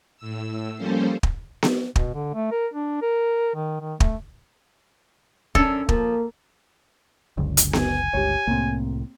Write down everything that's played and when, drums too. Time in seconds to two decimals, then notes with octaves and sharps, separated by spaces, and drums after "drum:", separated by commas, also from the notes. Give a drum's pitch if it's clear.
0.17 A2 E6
0.76 F3 G3 A#3 C#4 A4 C5
1.23 drum: kick
1.63 drum: snare B3
1.96 B2, drum: kick
2.14 D3
2.34 A3
2.52 A#4
2.74 D4
3.02 A#4
3.55 D#3
3.81 D#3
4.00 A3, drum: kick
5.55 F#2 C#4 D4 A4, drum: kick
5.89 F3 A#3, drum: kick
7.38 F#1 C#2 D3
7.57 drum: hi-hat
7.73 G#5, drum: snare B3
8.13 G1 C#2 G4 C#5
8.47 C2 A2 A#3 C4